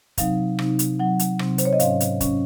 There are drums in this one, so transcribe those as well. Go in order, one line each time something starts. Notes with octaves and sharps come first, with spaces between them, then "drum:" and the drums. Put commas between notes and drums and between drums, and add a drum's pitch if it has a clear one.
C3 F#3 C4 D#4 F5, drum: kick, hi-hat
C3 F#3 C4 D#4, drum: rim click
drum: hi-hat
C3 F#3 C4 D#4 F#5
drum: hi-hat
C3 F#3 C4 D#4, drum: rim click
C5, drum: hi-hat
C#5
D#5
G#2 F#3 C#4 F5, drum: hi-hat
drum: hi-hat
F#3 C#4, drum: kick, hi-hat